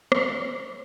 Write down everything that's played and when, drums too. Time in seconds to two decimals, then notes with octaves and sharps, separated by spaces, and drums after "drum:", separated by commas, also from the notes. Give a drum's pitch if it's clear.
0.12 B4, drum: rim click
0.15 F#3 C#5
0.41 B3 D#4 C#5
0.68 F#3